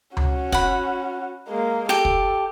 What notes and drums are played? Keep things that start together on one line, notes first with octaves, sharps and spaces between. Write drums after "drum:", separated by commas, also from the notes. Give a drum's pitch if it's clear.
C#4 F#4, drum: tom C#2
F#5 B5, drum: kick
G#3 A#3
G4 A4, drum: snare
drum: kick